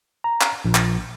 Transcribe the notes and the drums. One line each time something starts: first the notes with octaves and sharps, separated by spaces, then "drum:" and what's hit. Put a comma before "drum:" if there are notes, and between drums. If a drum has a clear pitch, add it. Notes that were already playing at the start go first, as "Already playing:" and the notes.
A#5
drum: clap
A#1
drum: clap